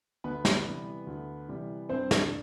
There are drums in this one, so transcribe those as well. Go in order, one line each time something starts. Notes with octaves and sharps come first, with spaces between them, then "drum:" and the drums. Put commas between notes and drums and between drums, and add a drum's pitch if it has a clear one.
D2 B3 B4
drum: snare
C3 E3 G3
D2
C3 E3 G3
G2 C4 C5
D4 D5, drum: snare